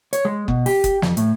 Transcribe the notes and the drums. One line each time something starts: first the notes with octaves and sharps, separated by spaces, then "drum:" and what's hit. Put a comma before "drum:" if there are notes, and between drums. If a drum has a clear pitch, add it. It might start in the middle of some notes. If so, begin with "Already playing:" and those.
C#5, drum: hi-hat
G#3
B2, drum: kick F#1
G4, drum: open hi-hat
drum: kick F#1, hi-hat
F2, drum: snare
A2, drum: hi-hat